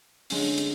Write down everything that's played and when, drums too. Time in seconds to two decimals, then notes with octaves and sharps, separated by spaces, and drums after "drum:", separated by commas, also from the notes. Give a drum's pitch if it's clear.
0.30 D3 G#3 C#4, drum: open hi-hat
0.58 drum: hi-hat